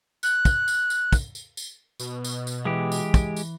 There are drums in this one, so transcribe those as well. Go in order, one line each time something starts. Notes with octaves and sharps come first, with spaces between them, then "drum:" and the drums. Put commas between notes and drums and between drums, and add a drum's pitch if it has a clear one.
F#6, drum: tambourine
drum: kick, tambourine
drum: tambourine
drum: tambourine
drum: kick, tambourine
drum: tambourine
drum: tambourine
B2, drum: tambourine
drum: tambourine
drum: tambourine
E3 G#3 G4
drum: tambourine
drum: kick, tambourine
drum: tambourine